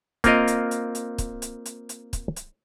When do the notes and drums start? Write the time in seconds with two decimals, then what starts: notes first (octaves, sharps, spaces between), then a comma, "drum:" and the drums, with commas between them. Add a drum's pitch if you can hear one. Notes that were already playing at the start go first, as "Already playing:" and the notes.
0.24 A#3 C4 F4 A#4 D#5, drum: kick, hi-hat
0.48 drum: hi-hat
0.71 drum: hi-hat
0.95 drum: hi-hat
1.18 drum: kick, hi-hat
1.42 drum: hi-hat
1.66 drum: hi-hat
1.89 drum: hi-hat
2.13 drum: kick, hi-hat
2.36 drum: hi-hat